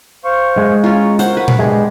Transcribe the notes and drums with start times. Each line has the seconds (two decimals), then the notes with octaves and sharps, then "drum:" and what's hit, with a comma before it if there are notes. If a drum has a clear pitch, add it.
0.25 C5 F5 C#6
0.57 G#3
0.84 C#4 F4 A#5 C#6
1.19 F#4 A#4 C5 C#5 F#5, drum: hi-hat
1.37 B4
1.48 drum: tom A#2
1.59 G#3 B3 D4 G4